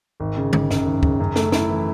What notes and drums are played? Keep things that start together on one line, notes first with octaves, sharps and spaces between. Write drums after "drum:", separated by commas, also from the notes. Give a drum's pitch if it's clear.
G#1
C#3
G#1, drum: tom D3
F#2, drum: snare
G#1
C#3, drum: kick
F#2
A3, drum: snare
E4, drum: snare
E3